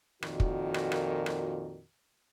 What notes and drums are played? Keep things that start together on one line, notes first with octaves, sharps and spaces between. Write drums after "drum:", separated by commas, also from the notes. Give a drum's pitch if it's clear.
F2 A#2 D#3 F#4, drum: rim click
drum: kick
drum: rim click
drum: rim click
drum: rim click